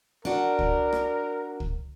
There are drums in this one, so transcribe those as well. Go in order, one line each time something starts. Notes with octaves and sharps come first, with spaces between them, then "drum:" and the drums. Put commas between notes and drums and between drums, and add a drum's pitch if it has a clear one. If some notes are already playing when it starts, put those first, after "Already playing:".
D4 F#4 A#4
drum: kick
drum: rim click
drum: kick